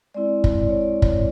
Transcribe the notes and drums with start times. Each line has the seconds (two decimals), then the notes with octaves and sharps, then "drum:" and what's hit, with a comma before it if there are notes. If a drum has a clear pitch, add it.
0.14 G#3 C4 E4 D5
0.44 drum: kick F#1
0.58 D5
0.70 C#5
0.81 D5
1.02 drum: kick F#1